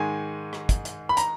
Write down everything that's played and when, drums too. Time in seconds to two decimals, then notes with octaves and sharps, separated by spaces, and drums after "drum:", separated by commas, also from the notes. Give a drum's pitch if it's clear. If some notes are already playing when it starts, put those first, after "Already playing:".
Already playing: G#2 D#3 G#3 G#5
0.53 drum: rim click
0.69 drum: kick, hi-hat
0.85 drum: hi-hat
1.09 B5
1.17 A#5, drum: hi-hat